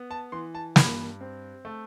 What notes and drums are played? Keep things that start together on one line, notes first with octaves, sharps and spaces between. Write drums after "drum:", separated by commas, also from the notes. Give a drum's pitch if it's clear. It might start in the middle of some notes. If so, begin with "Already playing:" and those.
Already playing: B3
A5
E3 C6
A5
G2 B5, drum: snare
C4
A3